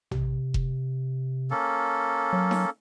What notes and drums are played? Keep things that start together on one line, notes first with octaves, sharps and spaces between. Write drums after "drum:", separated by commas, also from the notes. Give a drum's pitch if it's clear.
C3, drum: tom
drum: kick F1
A#3 C#4 A4
F#3
drum: snare D#4